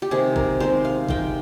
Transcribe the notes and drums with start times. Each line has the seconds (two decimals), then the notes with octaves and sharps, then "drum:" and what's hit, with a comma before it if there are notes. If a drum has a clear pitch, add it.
0.02 G4
0.11 C3 D#3 G#3 G#4
0.36 A#4, drum: kick G#1
0.60 C3 D#3 G#3 C5
0.85 F5
1.09 C3 D#3 G#3 G5, drum: kick G#1